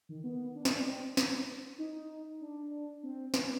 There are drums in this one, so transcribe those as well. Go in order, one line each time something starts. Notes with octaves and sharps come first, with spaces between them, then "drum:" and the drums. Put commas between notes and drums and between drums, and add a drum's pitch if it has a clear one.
D#3
B3
D4
D#4, drum: snare
D4
C4
drum: snare
D#4
D4
C4
B3, drum: snare